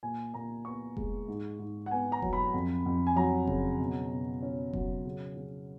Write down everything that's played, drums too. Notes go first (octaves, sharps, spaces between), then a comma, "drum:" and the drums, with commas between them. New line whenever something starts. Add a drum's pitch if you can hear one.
A#2 G#5
A#2 A#5
B3 C#6
G#3, drum: kick F1
G#2
G#2
F#5
B3 G#5
A#5
F#3, drum: kick F1
B5
F2
F2
G#5
F#3 A#5
C#3, drum: kick F1
B2
B2
C#4
F#3, drum: kick F1
C#3
C#3